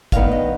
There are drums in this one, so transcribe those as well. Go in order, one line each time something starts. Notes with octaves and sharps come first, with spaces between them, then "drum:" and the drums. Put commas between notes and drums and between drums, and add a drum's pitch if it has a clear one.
G2 D#3 B3 F5, drum: kick, hi-hat
D#5